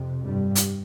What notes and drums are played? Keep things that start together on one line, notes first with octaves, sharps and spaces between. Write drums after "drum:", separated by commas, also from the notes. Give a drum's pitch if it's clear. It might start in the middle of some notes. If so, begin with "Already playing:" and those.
Already playing: F2 C3
G2 G3
drum: hi-hat